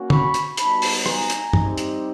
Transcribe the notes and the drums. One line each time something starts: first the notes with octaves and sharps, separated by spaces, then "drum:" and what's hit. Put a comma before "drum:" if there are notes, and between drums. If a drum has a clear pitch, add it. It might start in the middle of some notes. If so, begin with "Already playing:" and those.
Already playing: A#3 C#4 F#4
B5 C#6, drum: tom
drum: hi-hat
G3 B3 D#4 F#4 A5 B5, drum: hi-hat
drum: open hi-hat
G#5 A#5, drum: rim click
drum: hi-hat
G3 C4 D#4 G4, drum: tom
drum: hi-hat